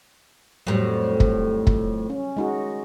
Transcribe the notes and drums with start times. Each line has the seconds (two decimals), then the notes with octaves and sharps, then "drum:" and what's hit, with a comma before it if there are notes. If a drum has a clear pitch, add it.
0.67 F2 A2 F#3 G3
1.20 drum: kick
1.67 drum: kick
2.10 C#4
2.37 G#3 D#4 F#4